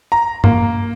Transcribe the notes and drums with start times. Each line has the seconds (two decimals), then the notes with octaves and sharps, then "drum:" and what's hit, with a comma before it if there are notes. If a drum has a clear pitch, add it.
0.12 A#5
0.44 A#3, drum: tom G2